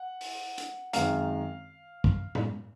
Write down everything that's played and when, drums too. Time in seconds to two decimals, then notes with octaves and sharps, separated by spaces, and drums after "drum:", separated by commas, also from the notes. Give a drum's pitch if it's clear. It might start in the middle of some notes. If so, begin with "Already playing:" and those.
Already playing: F#5
0.21 drum: open hi-hat
0.58 drum: hi-hat
0.93 F#2 D#3 G#3 C4 F5, drum: hi-hat
2.04 drum: kick
2.35 drum: tom A2